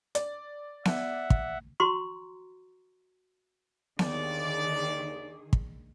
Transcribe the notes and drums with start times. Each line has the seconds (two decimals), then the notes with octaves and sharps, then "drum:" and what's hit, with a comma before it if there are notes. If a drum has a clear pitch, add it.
0.15 D5, drum: hi-hat
0.85 E5 F#5, drum: snare B3
1.30 drum: kick
1.80 F#4 A#5 C6 C#6
3.99 D#2 D3 D#3 G#4 D5, drum: snare B3
5.53 drum: kick